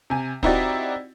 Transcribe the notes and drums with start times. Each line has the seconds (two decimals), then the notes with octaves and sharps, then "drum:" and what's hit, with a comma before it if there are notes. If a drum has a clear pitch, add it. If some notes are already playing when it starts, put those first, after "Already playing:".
0.10 C3 G#5
0.43 C4 D#4 E4 F#4 G4 D5, drum: kick